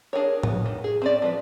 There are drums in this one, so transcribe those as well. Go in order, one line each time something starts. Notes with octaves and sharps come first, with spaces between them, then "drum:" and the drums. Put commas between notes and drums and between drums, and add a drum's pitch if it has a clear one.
D4 G#4 A#4 C#5
B3, drum: tom A2
D#3
G#4
C4 C#4 D5
F3 G#3 B4